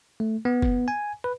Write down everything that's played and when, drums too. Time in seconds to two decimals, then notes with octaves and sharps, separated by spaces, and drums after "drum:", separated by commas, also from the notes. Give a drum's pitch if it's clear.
0.20 A3
0.45 B3
0.62 drum: kick F#1
0.88 G#5
1.24 B4